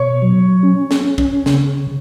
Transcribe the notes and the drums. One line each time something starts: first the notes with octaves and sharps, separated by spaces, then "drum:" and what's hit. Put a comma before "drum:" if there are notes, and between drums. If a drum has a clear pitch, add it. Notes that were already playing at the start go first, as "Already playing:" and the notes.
Already playing: B2 C#5 C#6
F#3
C#4
drum: snare
C#4
drum: kick
C#3, drum: snare